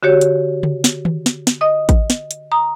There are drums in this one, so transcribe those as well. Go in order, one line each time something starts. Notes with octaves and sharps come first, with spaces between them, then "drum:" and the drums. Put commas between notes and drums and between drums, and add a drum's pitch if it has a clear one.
D3 F#4 G4 C#5
drum: hi-hat
drum: tom C#3
drum: snare
drum: tom D#3
drum: snare
drum: snare
D#5 D#6
drum: kick A1, hi-hat
drum: snare
drum: hi-hat
A#5 D#6